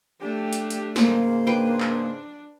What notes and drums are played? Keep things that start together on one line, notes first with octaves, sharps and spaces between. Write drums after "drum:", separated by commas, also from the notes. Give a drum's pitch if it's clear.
A3 D4 G4
drum: hi-hat
drum: hi-hat
G#2 C#3 A#3 C5, drum: snare
D4 B4 G5
drum: clap